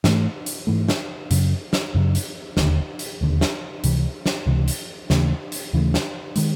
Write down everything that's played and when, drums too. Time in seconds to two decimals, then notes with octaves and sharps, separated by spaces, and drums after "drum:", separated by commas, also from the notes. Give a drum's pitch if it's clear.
0.04 G#2 E3 A3, drum: snare
0.46 drum: hi-hat
0.67 G#2 E3 A3
0.89 drum: snare
1.31 F#2 C#3 F#3, drum: hi-hat
1.73 drum: snare
1.94 F#2 C#3 F#3
2.15 drum: hi-hat
2.57 E1 D#2 D3, drum: snare
2.99 drum: hi-hat
3.21 E1 D#2 D3
3.41 drum: snare
3.84 C#2 C3 E3, drum: hi-hat
4.26 drum: snare
4.46 C#2 C3 E3
4.68 drum: hi-hat
5.10 D#2 C#3 E3 A3, drum: snare
5.52 drum: hi-hat
5.73 D#2 C#3 E3 A3
5.94 drum: snare
6.36 D#3 G#3, drum: hi-hat